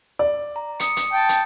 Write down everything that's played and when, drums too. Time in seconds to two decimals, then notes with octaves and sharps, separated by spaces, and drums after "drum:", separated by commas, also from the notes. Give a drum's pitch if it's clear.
0.19 D5
0.56 A#5
0.80 D#6 C#7, drum: hi-hat
0.96 drum: hi-hat
1.13 G5 A5
1.29 drum: hi-hat